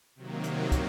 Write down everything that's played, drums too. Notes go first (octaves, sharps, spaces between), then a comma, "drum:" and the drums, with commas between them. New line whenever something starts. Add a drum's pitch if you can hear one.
C3 D#3 F#3 A#3
drum: hi-hat
drum: kick, hi-hat